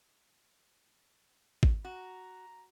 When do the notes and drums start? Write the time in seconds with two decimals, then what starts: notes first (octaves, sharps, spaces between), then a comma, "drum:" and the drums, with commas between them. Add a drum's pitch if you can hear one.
1.63 drum: kick
1.85 F#4 A#5